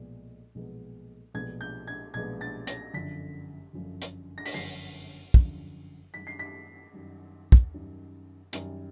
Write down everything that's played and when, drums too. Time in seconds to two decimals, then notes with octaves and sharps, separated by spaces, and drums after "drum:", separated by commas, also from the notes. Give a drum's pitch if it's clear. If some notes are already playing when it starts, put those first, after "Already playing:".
Already playing: B1 A#2 F3 G#3 B3
0.55 B1 A#2 F3 G#3 B3
1.34 B1 A#2 F3 G#3 B3 G#6
1.61 G6
1.87 G#6
2.14 B1 A#2 F3 G#3 B3 G#6
2.41 A6
2.67 A#6, drum: hi-hat
2.94 G1 F#2 D3 F3 B6
3.73 G1 F#2 D3 F3
4.02 drum: hi-hat
4.38 A#6
4.46 B6, drum: open hi-hat
4.54 G1 F#2 D3 F3 C7
5.34 G1 F#2 D3 F3, drum: kick
6.14 F#2 D#3 G3 B6
6.27 C7
6.39 B6
6.93 F#2 D#3 G3
7.52 drum: kick
7.74 F#2 D#3 G3
8.53 F#2 D#3 G3, drum: hi-hat